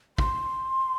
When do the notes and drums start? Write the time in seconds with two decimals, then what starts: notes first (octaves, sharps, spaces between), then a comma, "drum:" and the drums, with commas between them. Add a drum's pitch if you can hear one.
0.18 C6, drum: kick